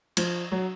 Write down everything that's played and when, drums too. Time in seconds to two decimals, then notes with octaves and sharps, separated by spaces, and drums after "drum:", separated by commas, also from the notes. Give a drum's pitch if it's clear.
0.17 F3, drum: cymbal
0.52 F#3